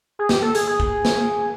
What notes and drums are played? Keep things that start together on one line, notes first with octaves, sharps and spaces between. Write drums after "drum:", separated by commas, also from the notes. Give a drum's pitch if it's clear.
G#4
G4, drum: snare
A4
G#4, drum: hi-hat
G#4
drum: kick
drum: snare